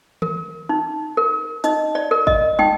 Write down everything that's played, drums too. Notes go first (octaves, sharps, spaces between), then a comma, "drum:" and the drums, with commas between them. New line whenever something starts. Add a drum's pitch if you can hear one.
A#4, drum: tom D#3
D#4
A#4
D#4 D#5, drum: hi-hat
D5
A#4
D#5, drum: kick
D#4 G5, drum: tom